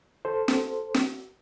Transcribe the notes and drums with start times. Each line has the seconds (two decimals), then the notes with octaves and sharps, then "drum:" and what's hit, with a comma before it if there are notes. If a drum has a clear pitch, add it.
0.25 A4 C5
0.48 drum: snare
0.94 drum: snare